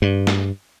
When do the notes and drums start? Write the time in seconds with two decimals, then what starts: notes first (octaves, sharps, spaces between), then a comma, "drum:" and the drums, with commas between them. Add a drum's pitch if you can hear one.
0.02 G2
0.27 drum: snare